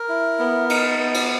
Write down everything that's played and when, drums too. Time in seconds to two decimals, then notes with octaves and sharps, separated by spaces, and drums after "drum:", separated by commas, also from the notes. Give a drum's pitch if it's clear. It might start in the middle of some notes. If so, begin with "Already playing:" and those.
Already playing: A#4
0.09 E4
0.39 B3
0.70 D#4, drum: cymbal
0.99 B3
1.14 drum: cymbal